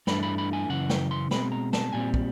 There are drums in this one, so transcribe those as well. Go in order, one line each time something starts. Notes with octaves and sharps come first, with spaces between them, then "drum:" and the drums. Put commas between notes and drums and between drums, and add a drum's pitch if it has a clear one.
G2 E3 A3 D4 B5, drum: snare
B5
B5
G#5
F#2 C#3 E3 F#5
G5, drum: snare
C6
B2 G#3 C4 B5, drum: snare
A#5
A5, drum: snare
A#2 G3 C4 G#5
drum: kick